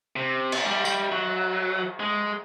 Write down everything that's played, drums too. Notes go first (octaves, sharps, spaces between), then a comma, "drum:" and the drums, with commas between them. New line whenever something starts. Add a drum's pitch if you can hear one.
C3
drum: cymbal
G3
G3, drum: tambourine
F#3
G#3